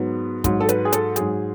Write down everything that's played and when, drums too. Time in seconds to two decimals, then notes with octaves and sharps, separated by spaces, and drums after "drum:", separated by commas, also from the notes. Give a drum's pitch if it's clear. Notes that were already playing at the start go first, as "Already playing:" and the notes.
Already playing: G#2 F#3 B3
0.44 G#2 F#3, drum: kick, hi-hat
0.61 A4
0.69 B4, drum: hi-hat
0.85 G#4
0.92 A4, drum: hi-hat
1.16 G#2 F#3 G#4, drum: hi-hat